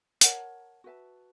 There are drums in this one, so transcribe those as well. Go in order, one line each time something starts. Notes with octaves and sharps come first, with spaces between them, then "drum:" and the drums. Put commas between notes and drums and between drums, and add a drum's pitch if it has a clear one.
A#4 C#5 F#5 A5, drum: hi-hat
F#4 B4 E5 A5